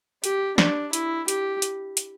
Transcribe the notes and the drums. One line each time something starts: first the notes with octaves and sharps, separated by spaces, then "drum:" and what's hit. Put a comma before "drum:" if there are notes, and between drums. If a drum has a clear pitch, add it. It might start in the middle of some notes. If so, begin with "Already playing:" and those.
G4, drum: hi-hat
D4, drum: snare
E4, drum: hi-hat
G4, drum: hi-hat
drum: hi-hat
drum: hi-hat